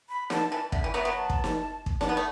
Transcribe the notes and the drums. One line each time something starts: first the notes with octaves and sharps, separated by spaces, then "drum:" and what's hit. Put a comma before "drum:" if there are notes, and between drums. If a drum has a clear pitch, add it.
B5
D3 A5, drum: snare
E3 A5
D3 E5, drum: kick
E3
F#3 B3 E5
F#3 B3
A5
drum: kick
drum: snare
drum: kick
D4 F#5, drum: snare
B3
A3